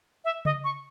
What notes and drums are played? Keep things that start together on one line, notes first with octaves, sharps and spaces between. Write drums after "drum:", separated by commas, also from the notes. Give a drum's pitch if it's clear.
E5
D#5, drum: tom C#3
C#6